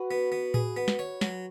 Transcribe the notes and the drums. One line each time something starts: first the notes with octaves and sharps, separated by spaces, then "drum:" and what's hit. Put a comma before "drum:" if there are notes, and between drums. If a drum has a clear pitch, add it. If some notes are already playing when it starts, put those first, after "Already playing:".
Already playing: F#4 B4
B3
B3
G#4, drum: tom A2
B3
drum: snare
C#5
F#3, drum: snare